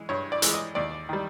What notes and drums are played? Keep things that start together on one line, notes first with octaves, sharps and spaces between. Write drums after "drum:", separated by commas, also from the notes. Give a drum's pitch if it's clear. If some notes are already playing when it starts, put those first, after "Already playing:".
Already playing: E3 G#3
G2 C#5
D5
E3 G#3, drum: hi-hat
D#5
D#2 D5
D#3 G3